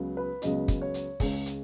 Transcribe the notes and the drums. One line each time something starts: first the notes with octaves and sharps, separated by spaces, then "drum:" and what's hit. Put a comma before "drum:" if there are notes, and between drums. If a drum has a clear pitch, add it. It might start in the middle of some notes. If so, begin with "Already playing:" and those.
Already playing: C#2 C#3 F#3 B3
B4
C#2 C#3 F#3 B3 D#5, drum: hi-hat
drum: kick, hi-hat
C#5
drum: hi-hat
C#2 C#3 G#3, drum: kick, open hi-hat
drum: hi-hat